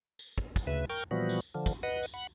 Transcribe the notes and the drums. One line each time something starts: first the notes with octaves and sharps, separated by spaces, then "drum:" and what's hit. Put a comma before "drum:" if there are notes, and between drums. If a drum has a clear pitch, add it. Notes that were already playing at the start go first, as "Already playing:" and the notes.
drum: tambourine
drum: kick
drum: kick, tambourine
D2 C#3 B4 E5
A#4 G5 C#6 F6 G6
A#2 E3 F3 G3 B3 F#4
drum: tambourine
D3 F3
drum: kick, tambourine
B4 D#5 F#5
drum: tambourine
F#5 B5